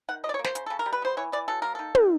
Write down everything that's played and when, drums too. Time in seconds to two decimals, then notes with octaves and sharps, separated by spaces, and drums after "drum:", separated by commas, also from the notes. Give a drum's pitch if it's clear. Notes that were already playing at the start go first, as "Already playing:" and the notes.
0.09 D#3 F#5
0.24 F#3 D#5
0.29 D5
0.34 C#5
0.39 A#3
0.44 C5, drum: snare
0.55 C#3, drum: hi-hat
0.66 C#3 A4
0.79 A#4
0.86 G3
0.93 B4
1.02 B3 C5
1.17 E3 C#5
1.32 E3 D5
1.48 F#3 A4
1.62 A#3 A#4
1.75 D#3 A4
1.95 D#3, drum: tom